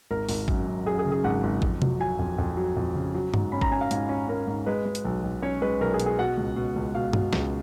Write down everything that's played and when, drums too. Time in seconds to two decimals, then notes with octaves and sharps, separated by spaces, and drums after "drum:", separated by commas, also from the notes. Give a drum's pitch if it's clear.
0.11 G#1 A#4
0.29 G#1, drum: open hi-hat
0.48 F#2, drum: kick G#1
0.67 F#2
0.86 F#2 G#4
0.99 G#4
1.05 C#3
1.12 G#4
1.24 G#1 F#5
1.43 G#1
1.62 F2, drum: kick G#1
1.82 F#3, drum: tom C3
2.00 F#3 G#5
2.19 F2
2.38 F2
2.57 F#3
2.77 F2
2.95 C#3
3.14 F#3
3.34 G#2, drum: tom G2
3.52 C#4 B5
3.61 A#5, drum: kick G#1
3.71 C#4 G#5
3.81 F5
3.91 G#2, drum: hi-hat
4.09 C#4
4.28 C#4 A#4
4.47 G#2
4.66 G#3 B4
4.85 G#3
4.95 drum: hi-hat
5.05 B1
5.24 B1
5.42 C#4 C#5
5.62 G#3 B4
5.80 B1 A#4
5.94 G#4
6.00 B2, drum: hi-hat
6.06 G#4
6.19 B2 F#5
6.37 C#2
6.56 B2
6.76 C#2
6.95 B2 F5
7.13 B2, drum: tom G2
7.33 C#2, drum: snare